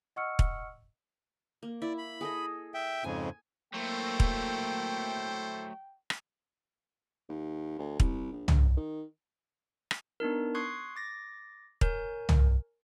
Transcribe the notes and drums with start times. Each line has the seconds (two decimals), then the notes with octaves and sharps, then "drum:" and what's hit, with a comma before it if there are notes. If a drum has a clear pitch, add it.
0.16 D#5 F#5 C#6 E6 F6 C#7
0.39 drum: kick
1.63 A#3
1.82 E4 D5
1.98 B5
2.21 G#4 A4 D#5
2.74 E5 G5
3.04 F2 G#2 C#3 G#5
3.74 F#3 A3 A#3 E4 A4 C5 G5
4.20 drum: kick
6.10 drum: rim click
7.29 D#2
7.79 D2
8.00 C2, drum: kick
8.32 A#1
8.48 drum: tom C2
8.77 D#3
9.91 drum: rim click
10.20 B3 D4 D#4 A#4
10.55 C6 C#6 D#6 F#6 G#6 C7
10.96 D6 A6 A#6
11.81 A#4 C#5 G#5 G6, drum: kick
12.29 drum: tom C2